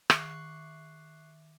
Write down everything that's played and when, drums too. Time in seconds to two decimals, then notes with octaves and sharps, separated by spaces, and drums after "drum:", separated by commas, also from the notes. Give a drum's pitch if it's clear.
0.10 D#3 E5 C#6 D6 F#6 C7, drum: rim click